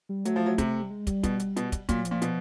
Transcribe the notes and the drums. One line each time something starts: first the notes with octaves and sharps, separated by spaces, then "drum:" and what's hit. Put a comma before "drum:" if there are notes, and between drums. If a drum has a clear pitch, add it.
G3
F#3 A3, drum: hi-hat
F3
F#3
C3, drum: kick, hi-hat
G3
G#3
G3, drum: kick, hi-hat
B2, drum: kick, hi-hat
drum: hi-hat
B2, drum: hi-hat
drum: kick, hi-hat
A#2 F#3, drum: kick, hi-hat
F3, drum: hi-hat
A#2
B2, drum: hi-hat